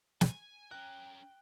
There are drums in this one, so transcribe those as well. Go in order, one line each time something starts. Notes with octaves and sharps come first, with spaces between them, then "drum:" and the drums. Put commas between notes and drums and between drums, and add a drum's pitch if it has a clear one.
G#5, drum: snare
C#4 A#4 G5 F#6